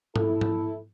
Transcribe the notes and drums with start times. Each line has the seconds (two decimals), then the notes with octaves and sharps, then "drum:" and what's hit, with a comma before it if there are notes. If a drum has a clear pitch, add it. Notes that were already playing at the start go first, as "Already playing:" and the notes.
0.16 E4 A4, drum: tom G#2
0.41 drum: tom G#2